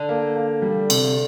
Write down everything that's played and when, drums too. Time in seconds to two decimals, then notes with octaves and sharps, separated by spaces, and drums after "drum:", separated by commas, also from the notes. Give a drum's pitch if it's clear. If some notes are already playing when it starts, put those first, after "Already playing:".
Already playing: D3
0.09 A#3
0.36 A#3
0.62 G3
0.90 C3, drum: cymbal